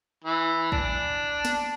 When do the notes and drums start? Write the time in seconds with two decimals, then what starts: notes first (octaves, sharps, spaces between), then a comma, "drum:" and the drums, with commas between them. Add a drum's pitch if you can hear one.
0.24 E3
0.72 D4, drum: kick
1.45 drum: snare